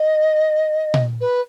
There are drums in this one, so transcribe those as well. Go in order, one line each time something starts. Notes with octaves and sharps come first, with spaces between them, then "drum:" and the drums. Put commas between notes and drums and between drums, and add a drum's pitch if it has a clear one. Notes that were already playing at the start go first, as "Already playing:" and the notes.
Already playing: D#5
drum: tom A#2
B4